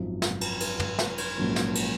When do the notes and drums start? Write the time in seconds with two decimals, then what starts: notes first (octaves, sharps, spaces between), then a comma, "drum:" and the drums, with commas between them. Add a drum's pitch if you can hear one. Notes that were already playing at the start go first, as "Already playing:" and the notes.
Already playing: G#1 F#2 F3
0.22 drum: snare
0.41 drum: cymbal
0.60 drum: cymbal
0.79 drum: tom
0.99 drum: snare
1.18 drum: cymbal
1.37 A#1 G#2 F#3 A#3 C#4
1.56 drum: snare
1.75 drum: cymbal